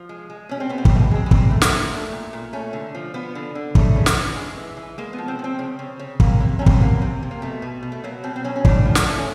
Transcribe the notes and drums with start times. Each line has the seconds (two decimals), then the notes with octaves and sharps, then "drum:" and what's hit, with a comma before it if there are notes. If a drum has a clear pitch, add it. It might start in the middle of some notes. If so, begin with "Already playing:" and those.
Already playing: F3
0.09 G#3
0.30 G#3
0.49 B2 C#4
0.60 C4
0.69 B2 B3
0.78 C4
0.85 B3, drum: kick
0.90 B2
0.96 A3
1.00 A#3
1.11 G#3 C4
1.26 B3
1.31 A#2 C4, drum: kick
1.51 A3
1.62 drum: snare
1.71 A#2
1.93 A3
2.12 A#2
2.33 A#2
2.53 A3 C#4
2.73 D3
2.95 F3
3.14 F3 B3
3.35 D3
3.55 D3
3.75 C#3 A3, drum: kick
3.96 C#3
4.06 drum: snare
4.16 E3
4.36 G#3
4.57 E3
4.77 E3
4.98 G#3 A#3
5.13 B3
5.18 F3
5.28 C4
5.39 F3 C4
5.59 C#3
5.79 C#3
5.99 C#3
6.20 C3 A#3, drum: kick
6.40 C3
6.59 C3 C#4
6.66 C4, drum: kick
6.74 B3
6.81 C3 A#3
7.02 C3
7.23 C3
7.31 A#3
7.42 B2 A3
7.62 B2
7.83 B2
7.92 A3
8.04 F#3 A#3
8.24 B2 C4
8.36 C4
8.44 F#3 C#4
8.56 C#4
8.65 A2 D4, drum: kick
8.85 F3
8.95 drum: snare
9.06 A3
9.18 C#4